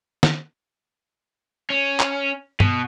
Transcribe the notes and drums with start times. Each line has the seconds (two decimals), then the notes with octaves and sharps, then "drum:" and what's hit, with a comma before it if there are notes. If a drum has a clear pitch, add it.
0.23 drum: snare D#3
1.70 C#4
2.00 drum: clap
2.60 B2, drum: tom G2